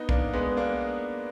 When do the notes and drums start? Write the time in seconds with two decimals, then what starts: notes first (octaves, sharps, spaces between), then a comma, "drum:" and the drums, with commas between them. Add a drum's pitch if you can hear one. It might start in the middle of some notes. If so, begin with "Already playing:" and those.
Already playing: B3 D#4
0.09 A#3 D4, drum: kick B1
0.33 G#3 B3
0.57 A#3 D4